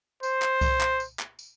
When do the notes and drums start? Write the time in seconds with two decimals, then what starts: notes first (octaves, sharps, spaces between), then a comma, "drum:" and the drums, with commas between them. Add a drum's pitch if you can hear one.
0.23 C5, drum: tambourine
0.42 drum: clap
0.61 drum: kick C2, tambourine
0.81 drum: clap
1.00 drum: tambourine
1.19 drum: clap
1.39 drum: tambourine